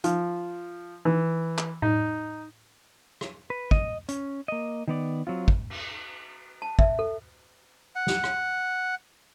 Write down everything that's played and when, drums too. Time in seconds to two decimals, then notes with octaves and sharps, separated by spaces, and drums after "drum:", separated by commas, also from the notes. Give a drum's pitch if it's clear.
0.04 F3, drum: hi-hat
1.05 E3
1.58 drum: clap
1.82 D#4, drum: tom A2
3.21 drum: rim click
3.50 B4
3.71 D#5, drum: kick
4.09 C#4, drum: hi-hat
4.48 A#3 D#5
4.88 D#3 B3 D5
5.27 F#3 C4 F4
5.48 drum: kick
5.70 drum: cymbal
6.62 A5
6.79 E5, drum: kick
6.99 A4
7.96 F#5
8.07 drum: snare
8.24 drum: rim click